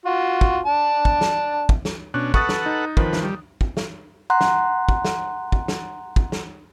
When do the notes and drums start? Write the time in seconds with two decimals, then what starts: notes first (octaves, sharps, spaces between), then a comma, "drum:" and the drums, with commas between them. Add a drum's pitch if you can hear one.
0.05 F4 F#4
0.41 drum: kick
0.66 D4 A5
1.05 drum: kick
1.21 drum: snare
1.69 drum: kick
1.85 drum: snare
2.14 B2 C#4 D4 F#6
2.34 A4 B4 F#5 C#6 D#6 A6, drum: kick
2.49 drum: snare
2.66 D#4
2.97 D#3 F3 B4, drum: kick
3.13 drum: snare
3.23 G3
3.61 drum: kick
3.77 drum: snare
4.30 F#5 A#5 C6 F#6
4.41 drum: snare
4.89 drum: kick
5.04 drum: snare
5.52 drum: kick
5.68 drum: snare
6.16 drum: kick
6.32 drum: snare